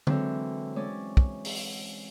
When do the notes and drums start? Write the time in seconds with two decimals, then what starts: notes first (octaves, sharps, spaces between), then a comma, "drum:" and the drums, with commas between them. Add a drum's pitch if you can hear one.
0.07 D3 E3 F#3 G#3 C4, drum: tom
0.76 G#3 C#4 D5
1.17 drum: kick
1.45 drum: open hi-hat